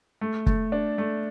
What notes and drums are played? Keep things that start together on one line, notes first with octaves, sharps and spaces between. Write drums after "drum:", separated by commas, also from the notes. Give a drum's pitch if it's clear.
A3
A3, drum: kick
D4
A3